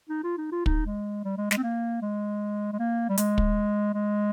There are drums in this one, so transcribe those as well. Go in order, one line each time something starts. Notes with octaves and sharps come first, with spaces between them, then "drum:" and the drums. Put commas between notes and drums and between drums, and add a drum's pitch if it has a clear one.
D#4
F4
D#4
F4
D#4, drum: kick
G#3
G3
G#3
G#3, drum: snare
C4
A#3
G#3
G#3
A#3
G3
G#3, drum: hi-hat
drum: kick
G#3